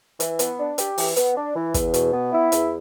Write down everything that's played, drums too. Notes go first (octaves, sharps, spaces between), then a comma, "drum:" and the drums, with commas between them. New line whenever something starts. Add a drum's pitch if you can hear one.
E3, drum: hi-hat
B3, drum: hi-hat
D4
G4, drum: hi-hat
E3, drum: open hi-hat
B3, drum: hi-hat
D4
E3
E2, drum: kick, hi-hat
B2, drum: hi-hat
B3
E4
E2, drum: hi-hat